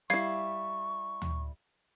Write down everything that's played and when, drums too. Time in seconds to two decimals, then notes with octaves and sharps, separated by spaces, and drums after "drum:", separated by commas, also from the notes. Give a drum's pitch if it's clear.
0.10 G3 E4 F5 C#6 G#6 C7
1.22 drum: tom D2